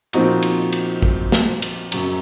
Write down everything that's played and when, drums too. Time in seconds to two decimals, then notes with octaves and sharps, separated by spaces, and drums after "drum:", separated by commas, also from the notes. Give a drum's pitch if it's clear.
0.13 A#2 F3 C4 D#4 F#4, drum: cymbal
0.43 drum: cymbal
0.73 drum: cymbal
1.02 drum: kick
1.32 drum: snare
1.62 drum: cymbal
1.92 F#2 C#3 F#3, drum: cymbal